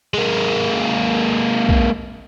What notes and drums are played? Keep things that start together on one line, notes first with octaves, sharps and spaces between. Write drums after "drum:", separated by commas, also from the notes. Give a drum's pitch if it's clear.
G#3 A#3
drum: kick